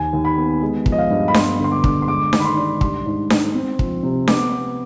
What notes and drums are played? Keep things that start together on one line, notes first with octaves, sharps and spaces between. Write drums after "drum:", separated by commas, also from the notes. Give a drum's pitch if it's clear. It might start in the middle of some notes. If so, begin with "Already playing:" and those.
Already playing: D#2 G#5
D#2
B5
B3
G#3
F3, drum: kick
D#5
F5
G2
B5
B3 C6, drum: snare D4
D3 C6
D6
D3, drum: kick
C6
G#3 D6
D#3, drum: snare D4
B5
C6
D4
G3 C6, drum: kick
G#2
G#2, drum: snare D4
C4
F3, drum: kick
C3
B3 D6, drum: snare D4
B3